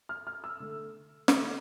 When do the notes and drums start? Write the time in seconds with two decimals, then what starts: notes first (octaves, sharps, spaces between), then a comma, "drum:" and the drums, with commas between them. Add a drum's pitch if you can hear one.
0.09 F6
0.27 F6
0.44 E6
0.60 D3 A3
1.28 D3 A3 D6, drum: snare